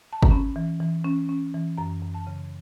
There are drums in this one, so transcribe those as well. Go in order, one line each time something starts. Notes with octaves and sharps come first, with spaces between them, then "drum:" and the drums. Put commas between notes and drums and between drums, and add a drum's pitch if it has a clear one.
A5
A#5, drum: kick G1
C#4 B5
E3
E3
C#4
C#4
E3
F#2 A#5
F#2
A5
C#3